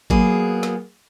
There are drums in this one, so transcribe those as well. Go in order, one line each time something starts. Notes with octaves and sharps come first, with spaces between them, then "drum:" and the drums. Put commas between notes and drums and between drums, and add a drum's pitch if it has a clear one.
F#3 A#3 B3 G#4, drum: kick G#1
drum: snare